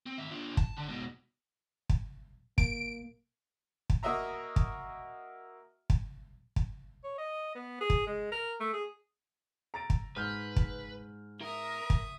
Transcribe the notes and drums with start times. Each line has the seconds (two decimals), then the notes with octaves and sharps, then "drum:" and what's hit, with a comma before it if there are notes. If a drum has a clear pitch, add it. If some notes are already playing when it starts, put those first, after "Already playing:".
0.06 C4
0.18 D#3 E5
0.31 D4 F4
0.57 A5, drum: kick
0.77 D3
0.89 G#2 B2
1.89 drum: kick
2.58 A#3 D7, drum: kick
3.90 drum: kick
4.03 A#3 F#4 D#5 E5 A#5
4.56 drum: kick
5.90 drum: kick
6.56 drum: kick
7.04 C#5
7.18 D#5
7.55 B3
7.81 G#4
7.90 drum: kick
8.06 G#3
8.32 A#4
8.60 A3
8.73 G#4
9.74 A#5 A6 D7
9.90 drum: kick
10.16 G#2 B4 F6 G6
10.56 drum: kick
11.41 A#4 E5 D#6
11.90 drum: kick